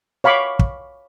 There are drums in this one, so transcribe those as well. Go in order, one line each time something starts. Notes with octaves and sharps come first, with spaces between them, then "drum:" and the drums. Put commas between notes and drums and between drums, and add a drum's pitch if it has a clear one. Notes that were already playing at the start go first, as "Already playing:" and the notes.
C#5 F5 B5 C#6 D6
drum: kick